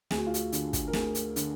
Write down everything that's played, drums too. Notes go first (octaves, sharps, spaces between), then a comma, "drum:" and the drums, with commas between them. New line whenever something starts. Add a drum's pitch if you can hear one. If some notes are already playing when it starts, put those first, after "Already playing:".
D2 G#4, drum: snare
F#4
F4
F#4, drum: hi-hat
D3, drum: hi-hat
drum: kick, hi-hat
A#4
D2 G#4, drum: snare
drum: hi-hat
D3, drum: hi-hat